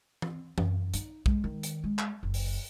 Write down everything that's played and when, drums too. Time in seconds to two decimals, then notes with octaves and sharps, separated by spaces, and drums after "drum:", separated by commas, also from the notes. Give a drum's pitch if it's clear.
0.22 drum: tom E3
0.58 F#2, drum: tom E3
0.94 D#4, drum: hi-hat
1.26 G#3, drum: kick B1
1.44 D#3
1.63 drum: hi-hat
1.84 G#3
1.99 drum: clap
2.23 F#1
2.34 drum: open hi-hat